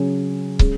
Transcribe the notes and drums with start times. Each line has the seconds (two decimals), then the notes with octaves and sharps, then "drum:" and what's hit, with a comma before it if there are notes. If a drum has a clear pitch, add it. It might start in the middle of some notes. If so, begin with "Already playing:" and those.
Already playing: C#3 F#3 C#4 G#4
0.59 G#3 C#4 G#4, drum: kick